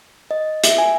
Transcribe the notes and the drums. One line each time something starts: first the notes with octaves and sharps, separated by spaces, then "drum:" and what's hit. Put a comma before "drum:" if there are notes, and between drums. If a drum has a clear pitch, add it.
D#5
E5, drum: hi-hat
G#5